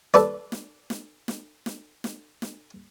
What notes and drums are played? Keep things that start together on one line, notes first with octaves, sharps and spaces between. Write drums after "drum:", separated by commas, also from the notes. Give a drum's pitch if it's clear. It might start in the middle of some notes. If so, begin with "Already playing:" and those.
A4 B4 D5, drum: snare
drum: snare
drum: snare
drum: snare
drum: snare
drum: snare
drum: snare